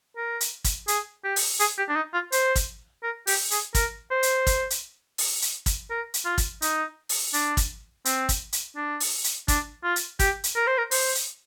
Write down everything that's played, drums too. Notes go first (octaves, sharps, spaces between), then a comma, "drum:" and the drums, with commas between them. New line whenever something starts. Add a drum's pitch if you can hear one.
A#4
drum: hi-hat
drum: kick, hi-hat
G#4, drum: hi-hat
G4
drum: open hi-hat
G#4, drum: hi-hat
G4
D4
D#4
F4
C5, drum: hi-hat
drum: kick, hi-hat
A#4
G4, drum: open hi-hat
G#4, drum: hi-hat
A#4, drum: kick, hi-hat
C5
drum: hi-hat
drum: kick, hi-hat
drum: hi-hat
drum: open hi-hat
drum: hi-hat
drum: kick, hi-hat
A#4
drum: hi-hat
F4
drum: kick, hi-hat
D#4, drum: hi-hat
drum: open hi-hat
D4, drum: hi-hat
drum: kick, hi-hat
C4, drum: hi-hat
drum: kick, hi-hat
drum: hi-hat
D4
drum: open hi-hat
drum: hi-hat
D4, drum: kick, hi-hat
F4
drum: hi-hat
G4, drum: kick, hi-hat
drum: hi-hat
A#4
C5
A#4
C5, drum: open hi-hat
drum: hi-hat